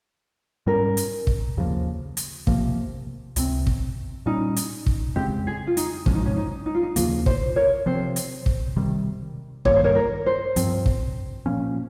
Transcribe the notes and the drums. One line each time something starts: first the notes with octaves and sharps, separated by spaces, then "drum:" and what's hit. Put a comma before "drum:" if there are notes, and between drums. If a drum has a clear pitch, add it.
G#2 G3 C#4 A#4
drum: hi-hat
drum: kick
D#2 C#3 F3 A#3
drum: hi-hat
C3 F3 A#3, drum: kick
C#2 C3 F3 C4, drum: hi-hat
drum: kick
A#2 G3 C#4 D#4
drum: hi-hat
drum: kick
F2 C#3 G#3 C4 G4
G#4
F4
D#4, drum: hi-hat
G#2 F3 G#3 C#4, drum: kick
D#4
C#4
D#4
D#4
F4
D#4
D#2 C#3 F3 A#3 F4, drum: hi-hat
C5, drum: kick
A#4 C#5
C3 F3 C4 C5
drum: hi-hat
drum: kick
C3 D#3 G3
G2 D#3 G3 A#3 C#5, drum: kick
C5
A#4 C#5
A#4
C5
G2 F3 C4, drum: hi-hat
drum: kick
A#2 F3 A#3 C#4